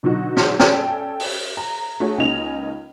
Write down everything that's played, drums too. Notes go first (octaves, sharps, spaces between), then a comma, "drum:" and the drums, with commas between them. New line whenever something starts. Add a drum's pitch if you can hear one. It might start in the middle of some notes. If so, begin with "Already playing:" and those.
B2 D3 F#3 D#4 F#4
drum: snare
C#4 A4 D5 G5, drum: snare
drum: open hi-hat
A#5
A3 D4 F#4 G#4 C#5
C#2 A#3 C#4 D#4 D#5 F7